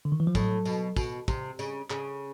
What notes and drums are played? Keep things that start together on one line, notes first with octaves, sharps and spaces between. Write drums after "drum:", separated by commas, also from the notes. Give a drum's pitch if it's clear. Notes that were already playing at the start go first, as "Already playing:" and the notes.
D3
D#3
E3
F3
A2 F#3, drum: kick, tambourine
B2, drum: tambourine
B2, drum: kick, tambourine
C3, drum: kick, tambourine
C#3, drum: tambourine
C#3, drum: clap